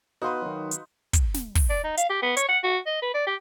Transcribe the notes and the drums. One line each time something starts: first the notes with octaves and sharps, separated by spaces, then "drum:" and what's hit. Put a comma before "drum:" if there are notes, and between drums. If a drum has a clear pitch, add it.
B3 D#4 F#4 B4 F5 C6
D#3 F#3
drum: hi-hat
drum: kick, hi-hat
drum: snare
drum: kick, open hi-hat
D5
D#4
F5, drum: hi-hat
G4
B3
C#5, drum: hi-hat
F#5
F#4
D#5
B4
D5
G4